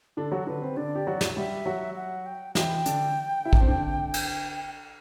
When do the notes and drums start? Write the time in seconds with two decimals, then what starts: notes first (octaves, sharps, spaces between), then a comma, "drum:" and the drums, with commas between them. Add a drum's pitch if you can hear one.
0.17 D3 D4 A4
0.32 F#3 F#4
0.47 D3 D4 B4
0.62 C4
0.77 D3 D4 D5
0.95 G4
1.07 F#3 F#4
1.21 drum: snare
1.36 G3 G4 E5
1.66 F#3 F#4
1.96 F#5
2.26 G5
2.55 E3 E4 G5, drum: snare
2.86 D3 D4, drum: hi-hat
3.45 E4
3.53 D4, drum: kick
3.60 C4
3.68 D3 D4
4.14 drum: cymbal